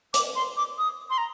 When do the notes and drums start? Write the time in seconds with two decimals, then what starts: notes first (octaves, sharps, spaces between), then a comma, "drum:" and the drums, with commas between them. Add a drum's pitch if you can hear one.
0.14 D6, drum: hi-hat
0.36 C6
0.57 D6
0.78 D#6
1.10 C6
1.18 A#5